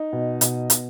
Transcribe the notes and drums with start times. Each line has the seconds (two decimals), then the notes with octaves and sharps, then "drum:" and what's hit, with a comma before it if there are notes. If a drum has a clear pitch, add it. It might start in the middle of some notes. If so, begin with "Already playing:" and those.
Already playing: D#4
0.13 B2
0.41 B2, drum: hi-hat
0.70 B2, drum: hi-hat